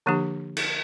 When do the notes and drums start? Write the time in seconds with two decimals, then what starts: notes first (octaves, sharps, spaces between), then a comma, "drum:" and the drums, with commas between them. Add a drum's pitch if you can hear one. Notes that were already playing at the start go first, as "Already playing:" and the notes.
0.06 D3 F3 A#3 D4 G4
0.57 drum: cymbal